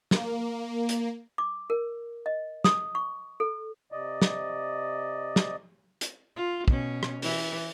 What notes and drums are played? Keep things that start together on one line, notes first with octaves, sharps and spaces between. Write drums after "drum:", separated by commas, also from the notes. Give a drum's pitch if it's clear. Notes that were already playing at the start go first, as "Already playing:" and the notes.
A#3, drum: snare
drum: hi-hat
D6
A#4
D#5
D#6, drum: snare
C#6
A4
C3 D5 D#5
drum: snare
drum: snare
drum: hi-hat
F4
B2 C#4, drum: kick
drum: rim click
E3, drum: open hi-hat